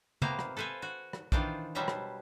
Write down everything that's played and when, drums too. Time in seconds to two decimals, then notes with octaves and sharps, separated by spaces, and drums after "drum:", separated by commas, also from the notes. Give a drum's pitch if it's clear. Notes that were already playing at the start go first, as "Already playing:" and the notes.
0.22 C3 A#3 B3 C5 F5 A#5, drum: tom
0.39 drum: rim click
0.57 A4 B4 C5 F5 G#5
0.82 F#4
1.13 drum: rim click
1.32 D#3 E3 D4 F4 C5 D5, drum: kick A#1
1.75 B2 F#3 G3 C5 E5 A#5
1.88 drum: rim click